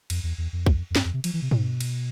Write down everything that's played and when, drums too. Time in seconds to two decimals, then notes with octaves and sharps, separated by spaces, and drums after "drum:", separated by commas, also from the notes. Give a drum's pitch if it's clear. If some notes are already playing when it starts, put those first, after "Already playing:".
0.10 F2, drum: cymbal
0.23 E2
0.38 E2
0.53 F2
0.66 drum: kick B1
0.90 F2
0.96 G2, drum: snare
1.05 F2
1.13 C3
1.24 F3, drum: cymbal
1.34 E3
1.42 C3
1.51 B2, drum: tom
1.81 drum: cymbal